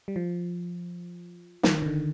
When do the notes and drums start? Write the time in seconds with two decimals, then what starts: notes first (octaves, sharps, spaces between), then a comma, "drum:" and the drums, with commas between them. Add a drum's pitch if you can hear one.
0.08 G3
0.16 F3
1.63 F3, drum: snare
1.67 D#3
1.82 D#3
1.86 D3